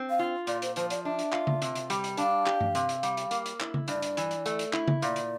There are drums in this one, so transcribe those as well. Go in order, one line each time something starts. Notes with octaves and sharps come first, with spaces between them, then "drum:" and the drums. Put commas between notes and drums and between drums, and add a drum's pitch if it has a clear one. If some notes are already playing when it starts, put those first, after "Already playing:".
Already playing: C4
F5
F4
A#2 D5, drum: hi-hat
C5, drum: hi-hat
F3 C5, drum: hi-hat
D5, drum: hi-hat
D4 E5
drum: hi-hat
F4, drum: clap
drum: tom C#3
C3, drum: hi-hat
drum: hi-hat
G3, drum: hi-hat
drum: hi-hat
D4 F5, drum: hi-hat
G4, drum: clap
drum: tom G2
C3, drum: hi-hat
drum: hi-hat
G3, drum: hi-hat
drum: hi-hat
A#3, drum: hi-hat
drum: hi-hat
E4, drum: clap
drum: tom C#3
G2 D5, drum: hi-hat
drum: hi-hat
E3, drum: hi-hat
drum: hi-hat
A3, drum: hi-hat
drum: hi-hat
E4, drum: clap
drum: tom C#3
A#2 D5, drum: hi-hat
drum: hi-hat